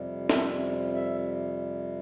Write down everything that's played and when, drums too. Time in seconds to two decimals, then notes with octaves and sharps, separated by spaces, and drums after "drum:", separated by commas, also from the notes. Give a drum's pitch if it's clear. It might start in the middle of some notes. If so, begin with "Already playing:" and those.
Already playing: F2 C3 G3
0.30 E5, drum: snare
0.95 E5